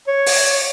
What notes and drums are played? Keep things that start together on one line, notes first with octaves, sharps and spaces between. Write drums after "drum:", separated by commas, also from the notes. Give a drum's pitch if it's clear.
C#5
drum: open hi-hat